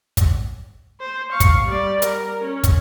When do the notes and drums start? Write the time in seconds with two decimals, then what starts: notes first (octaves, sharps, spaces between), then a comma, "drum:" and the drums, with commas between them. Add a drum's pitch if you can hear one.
0.17 drum: kick, hi-hat
1.00 C5
1.31 F5 C#6
1.40 drum: kick, hi-hat
1.65 G3 D5
2.02 A#4, drum: hi-hat
2.43 C#4
2.64 drum: kick, hi-hat